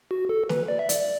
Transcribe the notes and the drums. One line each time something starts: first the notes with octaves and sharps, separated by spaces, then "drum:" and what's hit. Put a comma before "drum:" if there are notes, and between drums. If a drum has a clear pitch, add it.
F#4
A4
B4, drum: snare
D5
E5
D5, drum: hi-hat